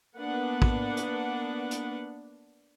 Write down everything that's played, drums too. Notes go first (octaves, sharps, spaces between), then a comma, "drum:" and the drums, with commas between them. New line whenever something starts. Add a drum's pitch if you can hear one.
A#3 B3 D4 B4 F#5
drum: kick
drum: hi-hat
drum: hi-hat